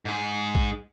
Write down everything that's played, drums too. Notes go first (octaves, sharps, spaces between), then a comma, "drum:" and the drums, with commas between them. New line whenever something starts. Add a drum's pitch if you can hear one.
G#2 G#4
drum: kick A#1